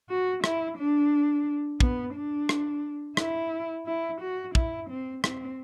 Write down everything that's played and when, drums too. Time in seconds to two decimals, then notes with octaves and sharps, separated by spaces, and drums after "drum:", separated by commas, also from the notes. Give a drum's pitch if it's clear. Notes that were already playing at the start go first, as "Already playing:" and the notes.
0.10 F#4
0.44 E4, drum: rim click
0.77 D4
1.80 B3, drum: kick
2.14 D4
2.49 drum: rim click
3.17 E4, drum: rim click
3.86 E4
4.21 F#4
4.55 E4, drum: kick
4.90 C4
5.24 C4, drum: rim click